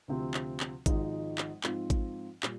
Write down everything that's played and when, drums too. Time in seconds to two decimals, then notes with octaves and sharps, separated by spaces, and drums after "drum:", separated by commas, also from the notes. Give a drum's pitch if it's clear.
0.08 D2 C3 F3 C4
0.34 drum: clap
0.60 drum: clap
0.86 G#1 G#2 F3 G#3 D#4, drum: kick A1, hi-hat
1.38 drum: clap
1.64 G#2 F3 C4 F4, drum: clap
1.90 drum: kick A1, hi-hat
2.43 A#2 G3, drum: clap